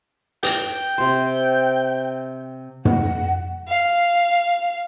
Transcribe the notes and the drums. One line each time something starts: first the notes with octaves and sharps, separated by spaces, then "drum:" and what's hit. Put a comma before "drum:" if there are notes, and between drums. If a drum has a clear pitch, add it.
G5, drum: hi-hat
C3 C5
F#5, drum: tom
F5